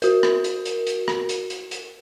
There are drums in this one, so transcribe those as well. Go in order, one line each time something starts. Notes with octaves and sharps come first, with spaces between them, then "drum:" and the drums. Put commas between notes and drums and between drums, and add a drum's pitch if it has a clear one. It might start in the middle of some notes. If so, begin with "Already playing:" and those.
F#4 A#4, drum: hi-hat
drum: rim click
drum: hi-hat
drum: hi-hat
drum: hi-hat
drum: rim click
drum: hi-hat
drum: hi-hat
drum: hi-hat